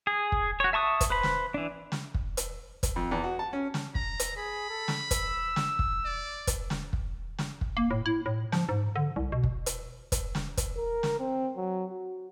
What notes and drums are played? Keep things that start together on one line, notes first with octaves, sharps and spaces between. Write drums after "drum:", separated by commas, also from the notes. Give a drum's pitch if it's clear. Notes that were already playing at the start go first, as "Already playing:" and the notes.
G#4
drum: kick
F#4 C#5
E5 A5 C#6 D#6
drum: kick, hi-hat
B4 C5 B5
drum: snare
E3 D4
drum: snare
drum: kick
drum: hi-hat
drum: kick, hi-hat
F2
E2
F#4
A5
C#4
drum: snare
A#5, drum: kick
drum: hi-hat
G#4 B5
A4
drum: snare
E6, drum: kick, hi-hat
drum: snare
drum: kick
D5
drum: kick, hi-hat
drum: snare
drum: kick
drum: snare
drum: kick
A#3
A2
E4
A2
F3, drum: snare
G#2
D3
C2
B2
drum: kick
drum: hi-hat
drum: kick, hi-hat
drum: snare
drum: kick, hi-hat
A#4
drum: snare
C4
F#3
F#4